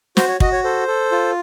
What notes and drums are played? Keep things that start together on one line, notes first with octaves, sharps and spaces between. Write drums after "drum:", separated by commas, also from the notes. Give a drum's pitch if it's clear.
F#4 C5, drum: snare
C#5
F#4 D#5, drum: kick
C#5
A4 C5
A4
F4